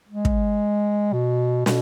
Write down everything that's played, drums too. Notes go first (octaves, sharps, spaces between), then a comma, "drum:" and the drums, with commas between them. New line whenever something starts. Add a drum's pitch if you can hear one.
G#3
drum: kick
B2
B2, drum: snare